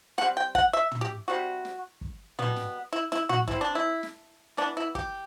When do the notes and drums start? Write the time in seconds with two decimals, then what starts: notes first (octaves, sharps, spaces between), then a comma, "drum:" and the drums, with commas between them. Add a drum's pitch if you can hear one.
0.18 D3 F#5, drum: snare
0.21 G3 C4
0.37 G5
0.55 F#5, drum: kick
0.73 E5
0.91 drum: tom
1.01 G4
1.28 C3 G3 C4 F#4
1.65 drum: snare
2.01 drum: kick
2.39 B2 G3 B3, drum: tom
2.56 drum: snare
2.93 E4
3.12 E4, drum: snare
3.29 F#4, drum: tom
3.48 E3 G3 C4 E4, drum: kick
3.61 D4
3.75 E4
4.03 drum: snare
4.57 E3 B3 D4, drum: snare
4.77 E4
4.95 G4, drum: kick